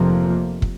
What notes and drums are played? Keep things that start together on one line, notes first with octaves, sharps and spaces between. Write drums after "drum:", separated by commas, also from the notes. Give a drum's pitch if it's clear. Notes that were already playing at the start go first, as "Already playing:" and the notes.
Already playing: F1 F2 C3 F3 A#3
drum: kick